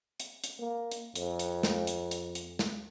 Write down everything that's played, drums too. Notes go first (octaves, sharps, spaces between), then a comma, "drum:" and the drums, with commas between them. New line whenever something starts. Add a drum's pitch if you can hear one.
drum: hi-hat
drum: hi-hat
A#3
drum: hi-hat
F2, drum: hi-hat
drum: hi-hat
drum: snare
drum: hi-hat
drum: hi-hat
drum: hi-hat
drum: snare